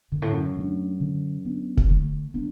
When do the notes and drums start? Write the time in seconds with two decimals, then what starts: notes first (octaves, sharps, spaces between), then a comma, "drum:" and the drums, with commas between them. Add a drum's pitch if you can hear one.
0.12 F#2 D3
0.22 A2
0.32 F#2
0.56 F#3 A3 D4
1.00 D3
1.45 B3 D4
1.77 drum: kick
1.89 D3 A3
2.34 F#3 B3 D4